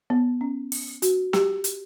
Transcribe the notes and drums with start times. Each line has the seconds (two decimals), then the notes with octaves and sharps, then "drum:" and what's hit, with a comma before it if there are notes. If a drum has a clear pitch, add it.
0.10 B3
0.41 C#4
0.72 drum: open hi-hat
1.02 F#4, drum: hi-hat
1.33 G4, drum: snare
1.64 drum: hi-hat